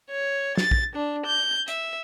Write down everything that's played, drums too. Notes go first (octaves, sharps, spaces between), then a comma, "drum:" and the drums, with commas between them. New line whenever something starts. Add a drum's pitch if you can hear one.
C#5
A6, drum: snare
drum: kick
D4
G6
E5, drum: hi-hat